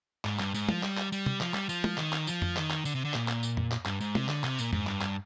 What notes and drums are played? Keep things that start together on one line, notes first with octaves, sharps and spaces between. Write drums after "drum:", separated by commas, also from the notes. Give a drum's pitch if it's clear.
G#2, drum: clap
G2, drum: clap
G#2, drum: tambourine
F3, drum: tom
G3, drum: clap
drum: clap
G3, drum: tambourine
drum: tom
F3, drum: clap
G3, drum: clap
F3, drum: tambourine
drum: tom
D#3, drum: clap
drum: clap
F3, drum: tambourine
drum: tom F2
D#3, drum: clap
drum: clap
D3, drum: tambourine
C3
D3
A#2, drum: clap
drum: clap
drum: tambourine
drum: tom F2
drum: clap
G2, drum: clap
G#2, drum: tambourine
C3, drum: tom
D3, drum: clap
C3, drum: clap
A#2, drum: tambourine
G#2, drum: tom F2
G2, drum: clap
drum: clap